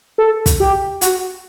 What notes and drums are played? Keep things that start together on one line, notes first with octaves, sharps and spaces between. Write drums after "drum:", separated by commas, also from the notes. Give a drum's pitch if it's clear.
A4
drum: kick, hi-hat
G4
F#4, drum: hi-hat